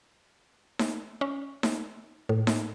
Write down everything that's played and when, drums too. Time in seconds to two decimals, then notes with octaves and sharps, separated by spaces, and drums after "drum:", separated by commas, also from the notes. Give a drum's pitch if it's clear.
0.79 drum: snare D#4
1.21 C#4
1.63 drum: snare D#4
2.29 A2
2.47 drum: snare D#4